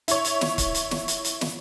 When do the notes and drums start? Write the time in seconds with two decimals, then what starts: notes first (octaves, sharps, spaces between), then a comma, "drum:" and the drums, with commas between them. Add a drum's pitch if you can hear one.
0.08 E4 C#5, drum: hi-hat
0.25 drum: hi-hat
0.41 drum: snare
0.58 drum: kick, hi-hat
0.75 drum: hi-hat
0.91 drum: snare
1.08 drum: hi-hat
1.25 drum: hi-hat
1.41 drum: snare